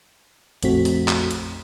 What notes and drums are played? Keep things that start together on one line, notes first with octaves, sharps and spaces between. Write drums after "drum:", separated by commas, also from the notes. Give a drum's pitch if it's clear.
A#1 F2 A3 C4 F#4 B6, drum: hi-hat
drum: open hi-hat
drum: clap
drum: hi-hat